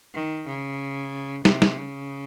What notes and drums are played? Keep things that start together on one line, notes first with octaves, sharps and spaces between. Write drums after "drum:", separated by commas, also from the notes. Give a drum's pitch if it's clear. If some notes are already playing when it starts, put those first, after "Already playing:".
D#3
C#3
C3, drum: snare
drum: snare
C#3